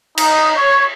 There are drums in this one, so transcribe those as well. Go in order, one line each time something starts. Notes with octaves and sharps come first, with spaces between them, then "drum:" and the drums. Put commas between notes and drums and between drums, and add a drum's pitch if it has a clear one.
D#4, drum: cymbal
C#5